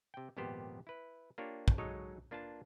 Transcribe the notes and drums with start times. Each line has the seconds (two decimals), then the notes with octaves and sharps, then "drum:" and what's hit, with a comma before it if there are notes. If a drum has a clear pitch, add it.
0.14 C3 G5
0.37 G#1 F2 A#2 B3 G4 C5
0.87 E4 B4
1.38 A#3 D4 F4 G4 C#5
1.68 drum: kick
1.78 F#3 G#3 D#4 A4 C#5 D#5
2.31 A#3 D4 F4 B4 A5